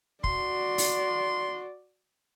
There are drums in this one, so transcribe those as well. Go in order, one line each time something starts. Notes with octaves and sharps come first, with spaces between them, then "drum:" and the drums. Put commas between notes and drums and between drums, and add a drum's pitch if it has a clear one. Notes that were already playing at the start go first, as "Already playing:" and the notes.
F#4 D5 C6, drum: kick
drum: open hi-hat